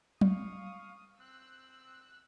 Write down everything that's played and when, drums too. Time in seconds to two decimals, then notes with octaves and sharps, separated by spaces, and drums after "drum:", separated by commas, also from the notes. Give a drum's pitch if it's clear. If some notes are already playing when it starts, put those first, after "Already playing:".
0.21 F5 C#6 D#6, drum: tom
1.19 C4 E6 F#6